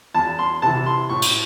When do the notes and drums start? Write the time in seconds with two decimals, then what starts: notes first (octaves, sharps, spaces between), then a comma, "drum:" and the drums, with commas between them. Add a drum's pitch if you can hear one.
0.15 E2 A5
0.39 C6
0.62 C3 E3 A5
0.86 C6
1.09 A2 C#6
1.22 drum: cymbal